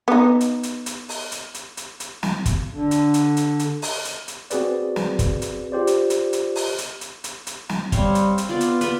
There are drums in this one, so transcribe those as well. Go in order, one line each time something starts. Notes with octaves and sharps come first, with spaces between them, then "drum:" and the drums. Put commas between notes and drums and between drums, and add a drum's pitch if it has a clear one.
B3 D#4
drum: hi-hat
drum: hi-hat
drum: hi-hat
drum: open hi-hat
drum: hi-hat
drum: hi-hat
drum: hi-hat
drum: hi-hat
drum: snare
drum: kick, hi-hat
D3
drum: hi-hat
drum: hi-hat
drum: hi-hat
drum: hi-hat
drum: open hi-hat
drum: hi-hat
drum: hi-hat
C4 F#4 G#4 B4 D5, drum: hi-hat
drum: snare
drum: kick, hi-hat
drum: hi-hat
F4 G4 C5 D5
drum: hi-hat
drum: hi-hat
drum: hi-hat
drum: open hi-hat
drum: hi-hat
drum: hi-hat
drum: hi-hat
drum: hi-hat
drum: snare
G3 C4 C#5 F5, drum: kick, hi-hat
drum: hi-hat
drum: hi-hat
B3 F4 D5
drum: hi-hat
B3 B4, drum: hi-hat